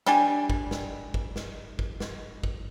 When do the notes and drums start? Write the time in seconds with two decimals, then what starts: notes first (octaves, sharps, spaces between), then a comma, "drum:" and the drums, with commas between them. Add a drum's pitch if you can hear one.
0.06 G3 D4 G#5, drum: snare
0.50 drum: kick
0.71 drum: snare
1.14 drum: kick
1.36 drum: snare
1.79 drum: kick
2.00 drum: snare
2.44 drum: kick